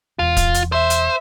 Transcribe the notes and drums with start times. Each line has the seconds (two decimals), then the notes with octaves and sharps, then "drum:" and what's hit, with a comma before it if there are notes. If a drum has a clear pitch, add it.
0.19 E1 E2 F4
0.37 drum: kick D1, hi-hat
0.54 drum: hi-hat
0.72 C5 E5
0.90 drum: hi-hat